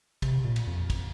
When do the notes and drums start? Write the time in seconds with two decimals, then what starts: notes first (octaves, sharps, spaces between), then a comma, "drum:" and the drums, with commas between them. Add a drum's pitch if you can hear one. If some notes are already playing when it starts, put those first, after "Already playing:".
0.22 C3, drum: kick, cymbal
0.44 A#2
0.56 drum: cymbal
0.67 F2
0.90 drum: kick, cymbal